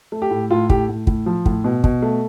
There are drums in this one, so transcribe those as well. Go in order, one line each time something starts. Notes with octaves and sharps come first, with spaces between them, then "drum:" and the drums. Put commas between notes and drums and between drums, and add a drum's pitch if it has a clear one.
A3
G4
A2
A2 F4
A2 G4, drum: kick
A2
A2, drum: kick
F3
A2, drum: kick
B2
B2, drum: kick
A3